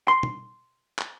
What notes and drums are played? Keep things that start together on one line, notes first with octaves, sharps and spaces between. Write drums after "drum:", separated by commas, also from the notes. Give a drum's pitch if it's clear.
C6
drum: tom
drum: clap